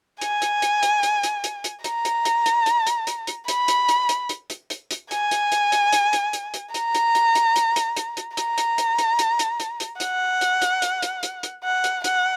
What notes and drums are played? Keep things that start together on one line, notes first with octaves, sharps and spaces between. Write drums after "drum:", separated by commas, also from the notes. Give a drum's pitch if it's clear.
G#5, drum: hi-hat
drum: hi-hat
drum: hi-hat
drum: hi-hat
drum: hi-hat
drum: hi-hat
drum: hi-hat
drum: hi-hat
A#5, drum: hi-hat
drum: hi-hat
drum: hi-hat
drum: hi-hat
drum: hi-hat
drum: hi-hat
drum: hi-hat
drum: hi-hat
B5, drum: hi-hat
drum: hi-hat
drum: hi-hat
drum: hi-hat
drum: hi-hat
drum: hi-hat
drum: hi-hat
drum: hi-hat
G#5, drum: hi-hat
drum: hi-hat
drum: hi-hat
drum: hi-hat
drum: hi-hat
drum: hi-hat
drum: hi-hat
drum: hi-hat
A#5, drum: hi-hat
drum: hi-hat
drum: hi-hat
drum: hi-hat
drum: hi-hat
drum: hi-hat
drum: hi-hat
drum: hi-hat
A#5, drum: hi-hat
drum: hi-hat
drum: hi-hat
drum: hi-hat
drum: hi-hat
drum: hi-hat
drum: hi-hat
drum: hi-hat
F#5, drum: hi-hat
drum: hi-hat
drum: hi-hat
drum: hi-hat
drum: hi-hat
drum: hi-hat
drum: hi-hat
F#5
drum: hi-hat
F#5, drum: hi-hat